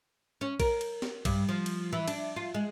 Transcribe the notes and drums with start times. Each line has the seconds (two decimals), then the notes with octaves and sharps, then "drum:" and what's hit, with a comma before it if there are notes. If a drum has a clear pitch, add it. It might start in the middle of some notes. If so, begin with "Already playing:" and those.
0.41 C#4
0.60 A#4, drum: kick A#1, cymbal
0.81 drum: cymbal
1.02 drum: snare
1.25 G2, drum: kick A#1, cymbal
1.49 F3
1.66 drum: cymbal
1.93 E3
2.08 D4, drum: cymbal
2.36 F4
2.55 G#3